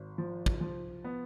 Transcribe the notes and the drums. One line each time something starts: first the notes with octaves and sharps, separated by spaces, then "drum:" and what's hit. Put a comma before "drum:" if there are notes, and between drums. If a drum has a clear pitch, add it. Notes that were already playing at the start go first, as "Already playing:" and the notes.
Already playing: G#1
F3
drum: kick
F3
B3